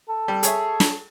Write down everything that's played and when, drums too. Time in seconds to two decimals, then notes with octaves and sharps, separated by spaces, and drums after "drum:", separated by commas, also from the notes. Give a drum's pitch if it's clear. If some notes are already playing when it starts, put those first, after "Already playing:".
0.09 A4
0.28 G3
0.43 G#4 C#5 E5, drum: hi-hat
0.80 drum: snare